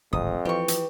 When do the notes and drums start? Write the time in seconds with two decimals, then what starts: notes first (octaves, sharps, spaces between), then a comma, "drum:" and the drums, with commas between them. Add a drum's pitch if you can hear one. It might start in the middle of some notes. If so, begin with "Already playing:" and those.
0.13 D1 G#1 F2 D#6
0.45 E3 F3 G4 C#6
0.68 drum: hi-hat